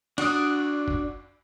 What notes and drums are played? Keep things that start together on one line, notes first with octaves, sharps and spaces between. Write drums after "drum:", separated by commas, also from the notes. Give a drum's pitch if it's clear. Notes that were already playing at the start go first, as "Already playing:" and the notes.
D4 F#4 D5 D#6, drum: cymbal
drum: kick